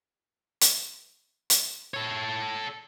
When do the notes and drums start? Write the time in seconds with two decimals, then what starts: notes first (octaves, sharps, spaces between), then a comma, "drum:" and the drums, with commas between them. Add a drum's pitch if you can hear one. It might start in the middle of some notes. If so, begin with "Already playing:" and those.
0.61 drum: hi-hat
1.50 drum: hi-hat
1.94 A4 C#5